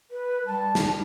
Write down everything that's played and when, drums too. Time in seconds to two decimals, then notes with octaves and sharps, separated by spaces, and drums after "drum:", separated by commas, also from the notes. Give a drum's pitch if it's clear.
0.10 B4
0.46 G3 A5
0.75 drum: snare